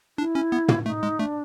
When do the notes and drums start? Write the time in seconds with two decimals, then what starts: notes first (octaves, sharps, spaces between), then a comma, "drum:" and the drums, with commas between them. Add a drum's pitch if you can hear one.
0.18 D4 E4
0.35 C#4
0.52 B3
0.69 A#3, drum: tom
0.86 A3 D#4
1.03 G#3
1.19 A3 D4